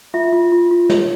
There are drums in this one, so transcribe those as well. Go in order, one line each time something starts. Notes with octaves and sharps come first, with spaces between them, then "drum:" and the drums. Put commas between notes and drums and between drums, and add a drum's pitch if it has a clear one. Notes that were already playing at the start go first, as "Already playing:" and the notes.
F4 E5
F4
F4
F4
C#5, drum: snare